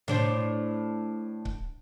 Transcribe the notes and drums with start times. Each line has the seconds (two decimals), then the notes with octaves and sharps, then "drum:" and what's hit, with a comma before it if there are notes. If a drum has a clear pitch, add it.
0.08 A2 D4 C5, drum: tom B2
1.45 drum: kick C#1